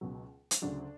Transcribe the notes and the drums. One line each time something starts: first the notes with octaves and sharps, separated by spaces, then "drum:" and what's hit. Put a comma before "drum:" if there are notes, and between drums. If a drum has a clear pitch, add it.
C#2 B2 F#3
drum: hi-hat
D2 C#3 F#3 D4